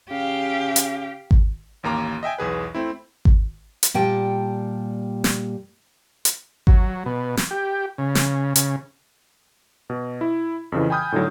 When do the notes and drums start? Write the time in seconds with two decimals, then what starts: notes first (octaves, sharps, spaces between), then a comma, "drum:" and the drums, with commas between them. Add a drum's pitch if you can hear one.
0.11 C#3 G4 F5
0.76 drum: hi-hat
1.31 drum: kick G#1
1.83 A1 D#2 A#3 A#5 D6
2.23 D#5 E5 G5 G#5
2.38 B1 E2 G#4 B4
2.75 A3 C4 E4
3.25 drum: kick G#1
3.83 drum: hi-hat
3.94 A#2 G3 G5 A5
5.24 drum: snare
6.25 drum: hi-hat
6.67 F#3, drum: kick G#1
7.06 B2
7.37 drum: snare
7.51 G4
7.98 C#3
8.15 drum: snare
8.56 C#3, drum: hi-hat
9.90 B2
10.21 E4
10.72 F2 C#3 E3
10.90 G5 G#5 B5 D#6 F6 G6
11.12 A2 D3 D#3 F#3